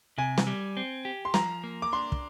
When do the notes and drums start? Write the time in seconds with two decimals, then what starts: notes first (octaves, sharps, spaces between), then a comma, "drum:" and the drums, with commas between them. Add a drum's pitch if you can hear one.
0.18 C3 G#5
0.38 drum: snare
0.47 G3
0.77 C4
1.05 G4
1.25 C6
1.34 F3 A#5, drum: snare
1.64 A#3
1.82 D6
1.92 D4 C6
2.12 drum: kick